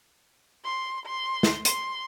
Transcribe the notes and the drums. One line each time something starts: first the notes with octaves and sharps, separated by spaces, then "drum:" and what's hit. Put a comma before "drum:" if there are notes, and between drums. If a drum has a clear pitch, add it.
C6
C6
drum: snare
C6, drum: hi-hat